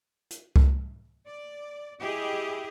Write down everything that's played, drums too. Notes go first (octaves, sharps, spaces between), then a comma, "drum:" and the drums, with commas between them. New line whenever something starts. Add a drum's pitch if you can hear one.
drum: hi-hat
drum: kick C2
D5
E4 G4 G#4 D#5